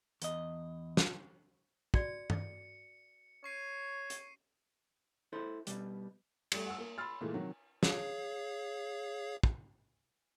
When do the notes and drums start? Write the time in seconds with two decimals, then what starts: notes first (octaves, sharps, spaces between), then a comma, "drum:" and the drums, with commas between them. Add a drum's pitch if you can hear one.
0.22 E2 D#5, drum: hi-hat
0.97 drum: snare
1.94 F#4 D5 C#7, drum: kick
2.30 drum: tom G2
3.44 C#5 C#6 C7 D#7
4.10 drum: hi-hat
5.33 E4 A4 C5
5.67 B2 G3, drum: hi-hat
6.52 G3 A3, drum: cymbal
6.66 F#5 E6
6.78 A#3
6.98 B5 C6 E6 F6 A6
7.21 A#2 E3 G#3 A3
7.34 C3 D#3 F#3
7.83 G#4 C#5 F5, drum: snare
9.43 drum: kick